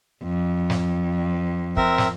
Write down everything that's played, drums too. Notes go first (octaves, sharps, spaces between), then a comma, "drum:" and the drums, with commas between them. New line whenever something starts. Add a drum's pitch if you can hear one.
F2
drum: snare
C4 A#4 E5, drum: kick
drum: snare